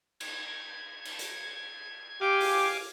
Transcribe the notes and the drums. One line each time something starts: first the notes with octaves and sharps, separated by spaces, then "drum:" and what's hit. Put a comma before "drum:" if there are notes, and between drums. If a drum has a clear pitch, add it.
G#6, drum: cymbal
drum: cymbal
drum: hi-hat
G4 F5 G#5 D6
drum: open hi-hat